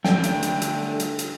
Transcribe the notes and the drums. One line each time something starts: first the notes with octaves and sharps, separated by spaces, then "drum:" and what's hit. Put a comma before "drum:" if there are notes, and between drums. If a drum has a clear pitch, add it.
D3 G3 A3 G5, drum: snare
drum: hi-hat
drum: hi-hat
drum: hi-hat
drum: hi-hat
drum: hi-hat